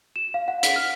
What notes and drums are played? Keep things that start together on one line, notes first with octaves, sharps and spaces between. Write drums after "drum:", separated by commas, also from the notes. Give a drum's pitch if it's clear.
E7
F5
F#5
B6, drum: hi-hat
F6